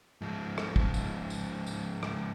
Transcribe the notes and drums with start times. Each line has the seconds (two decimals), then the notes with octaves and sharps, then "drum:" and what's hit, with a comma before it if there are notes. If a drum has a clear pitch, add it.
0.22 G#2 F3
0.58 drum: rim click
0.76 drum: kick
0.94 drum: tambourine
1.30 drum: tambourine
1.67 drum: tambourine
2.03 drum: rim click